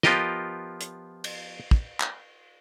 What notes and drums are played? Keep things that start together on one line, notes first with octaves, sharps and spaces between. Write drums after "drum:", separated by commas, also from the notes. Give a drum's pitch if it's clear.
F3 B3 F4 G4 A#4 D#5, drum: snare
drum: hi-hat
drum: cymbal
drum: kick
drum: clap